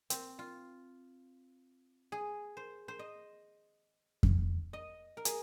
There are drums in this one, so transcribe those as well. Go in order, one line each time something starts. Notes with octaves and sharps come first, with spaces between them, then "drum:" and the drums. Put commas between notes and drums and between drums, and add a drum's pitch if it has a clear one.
C4, drum: hi-hat
F4
G#4
C5
C5
D#5
drum: kick F2
D#5
A#4
G#4, drum: hi-hat